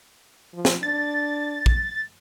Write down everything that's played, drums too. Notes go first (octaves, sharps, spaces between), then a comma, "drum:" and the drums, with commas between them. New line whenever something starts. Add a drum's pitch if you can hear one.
F3
drum: snare
D4 A6
drum: kick